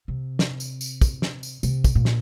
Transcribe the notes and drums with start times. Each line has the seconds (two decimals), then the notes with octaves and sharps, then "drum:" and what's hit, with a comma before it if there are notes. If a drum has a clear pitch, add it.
0.08 C3
0.39 drum: snare
0.60 drum: tambourine
0.81 drum: tambourine
1.01 drum: kick, tambourine
1.22 drum: snare
1.43 drum: tambourine
1.63 C3, drum: tambourine
1.84 drum: kick, tambourine
1.95 A#2
2.05 drum: snare